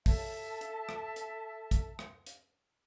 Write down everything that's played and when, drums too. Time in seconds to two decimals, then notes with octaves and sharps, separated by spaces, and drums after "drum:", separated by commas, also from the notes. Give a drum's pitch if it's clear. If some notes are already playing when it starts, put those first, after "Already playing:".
0.06 A4 E5 A5, drum: kick, open hi-hat
0.61 drum: hi-hat
0.89 drum: rim click
1.16 drum: hi-hat
1.71 drum: kick, hi-hat
1.99 drum: rim click
2.26 drum: hi-hat